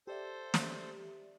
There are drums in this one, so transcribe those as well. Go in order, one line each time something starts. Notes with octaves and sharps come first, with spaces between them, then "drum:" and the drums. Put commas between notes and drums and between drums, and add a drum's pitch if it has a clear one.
G4 A4 C5 D5 E5
drum: snare